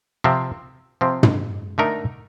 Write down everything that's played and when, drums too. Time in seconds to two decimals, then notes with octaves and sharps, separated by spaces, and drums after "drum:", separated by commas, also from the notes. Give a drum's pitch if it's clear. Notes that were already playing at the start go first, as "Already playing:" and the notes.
0.24 C3 F3 C4
1.01 C3 F3 C4
1.23 drum: tom
1.78 D3 A3 D#4 A#4